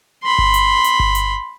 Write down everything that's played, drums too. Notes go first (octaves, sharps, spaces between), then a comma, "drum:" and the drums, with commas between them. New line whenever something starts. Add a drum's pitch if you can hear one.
B5 C6
drum: kick G1
drum: hi-hat
drum: hi-hat
drum: kick G1
drum: hi-hat